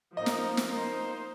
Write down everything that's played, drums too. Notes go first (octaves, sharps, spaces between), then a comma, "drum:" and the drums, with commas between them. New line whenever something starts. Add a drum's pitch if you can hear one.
F3 A#3 D#4 D#5
drum: snare
drum: snare
A#3 D#4 C5